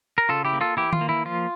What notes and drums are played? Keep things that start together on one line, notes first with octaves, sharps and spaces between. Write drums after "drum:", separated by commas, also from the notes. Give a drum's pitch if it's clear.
A#4
C#3 F4 A4
E4 G4
A#3
F4 A4
E3 E4 G4
F4, drum: tom D#3
A#3
E4
F3 F4